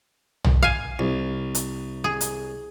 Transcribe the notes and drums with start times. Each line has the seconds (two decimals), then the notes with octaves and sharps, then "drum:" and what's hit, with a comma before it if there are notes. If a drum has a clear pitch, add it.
0.44 drum: tom
0.63 F5 G#5
0.99 C2
1.55 drum: hi-hat
2.04 G#4
2.21 drum: hi-hat